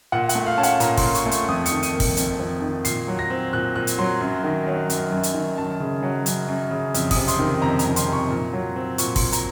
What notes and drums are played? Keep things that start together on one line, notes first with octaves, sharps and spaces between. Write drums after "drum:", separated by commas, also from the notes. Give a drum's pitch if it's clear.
A#2 F#5
F#5, drum: hi-hat
A3
F5
C#4 A5
F#5, drum: hi-hat
A#2 A#5, drum: hi-hat
C6, drum: kick, open hi-hat
A#2
C#6, drum: hi-hat
A3
C#6, drum: hi-hat
F2 D#6
C#7, drum: hi-hat
D#3
D#7, drum: hi-hat
A#3
C#7, drum: kick, open hi-hat
F2, drum: hi-hat
F2
D#3
A#2 C7, drum: hi-hat
F#3
A#6
C4
A#2 F#6
A#2 F#6
drum: hi-hat
F#3 C6
F#2
D#3
F#3
F#2, drum: hi-hat
F#2
drum: hi-hat
D#3
F#2 A5
C#3
F#3
F#2, drum: hi-hat
F#2
C#3
F2, drum: hi-hat
D#6, drum: kick, open hi-hat
C3
C6, drum: hi-hat
D#3
F2 A#5
A#5, drum: hi-hat
F2
C6, drum: hi-hat
C3 C#6
A#2
F#3
C4
A#2 C#6, drum: hi-hat
C6, drum: kick, open hi-hat
A#2
A#5, drum: hi-hat